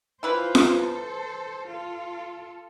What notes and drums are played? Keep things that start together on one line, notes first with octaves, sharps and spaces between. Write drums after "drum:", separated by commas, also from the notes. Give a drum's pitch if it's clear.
E3 E4 F4 B4 C5
drum: snare F4
A4 C5
F4 A4